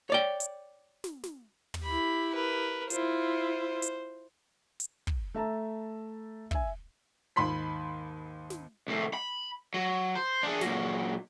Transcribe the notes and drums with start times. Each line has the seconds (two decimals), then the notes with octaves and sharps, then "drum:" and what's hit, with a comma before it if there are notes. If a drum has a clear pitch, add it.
0.10 C#5 D5 G5
0.40 drum: hi-hat
1.04 drum: snare
1.24 drum: snare
1.74 drum: tom
1.83 E4 G4 B5
2.33 A#4 B4
2.90 E4 F4 C5, drum: hi-hat
3.82 drum: hi-hat
4.80 drum: hi-hat
5.07 drum: kick
5.34 A3 E5 A5 A#5
6.51 E5 G#5, drum: kick
7.36 D#2 G#2 B5 C6 B6
8.50 drum: snare
8.88 C2 A2
9.14 B5
9.74 F#3
10.15 C5
10.43 D4 G#4
10.61 A#2 F#3, drum: snare